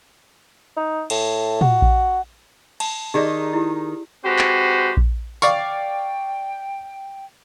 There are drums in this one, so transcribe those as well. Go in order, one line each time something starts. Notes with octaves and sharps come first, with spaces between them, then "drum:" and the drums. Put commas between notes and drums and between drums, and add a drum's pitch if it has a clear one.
D#4
A2, drum: cymbal
F#4, drum: tom
drum: kick A#1
A5, drum: cymbal
D#3 D#4 G4 G#4 D5
E4 G4
G#3 C4 F#4 G4 B4 C5
drum: clap
drum: kick A#1
D5 F5 G5 C#6, drum: tambourine